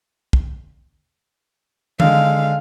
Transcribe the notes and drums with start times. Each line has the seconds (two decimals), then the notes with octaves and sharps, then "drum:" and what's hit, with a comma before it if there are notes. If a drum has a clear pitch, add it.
0.33 drum: kick
2.00 D3 G#3 F5, drum: tom D#3